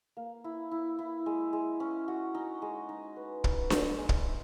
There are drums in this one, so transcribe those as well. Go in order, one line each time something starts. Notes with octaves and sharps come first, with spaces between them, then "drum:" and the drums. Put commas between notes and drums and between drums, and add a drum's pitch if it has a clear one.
A#3
E4
E4
E4
G#3
G#3
C#4
F#4
D#4
G#3
D#4
B4
B4, drum: kick
G#3, drum: snare D4
G#3
drum: kick
E5